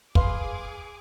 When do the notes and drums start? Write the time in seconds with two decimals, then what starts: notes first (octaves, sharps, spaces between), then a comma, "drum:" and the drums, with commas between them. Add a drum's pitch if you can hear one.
0.15 G#4 B4 F5 C6 D6, drum: kick